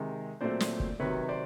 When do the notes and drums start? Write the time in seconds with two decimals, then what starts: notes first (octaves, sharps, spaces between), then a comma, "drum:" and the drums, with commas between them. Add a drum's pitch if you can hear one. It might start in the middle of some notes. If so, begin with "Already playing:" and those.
Already playing: C3 D#3 G#3
0.41 A#2 F#3 A3 C4 C5 D5
0.60 drum: snare
0.80 drum: kick
1.00 C3 D#3 F#3 B4 C#5
1.28 C5 D5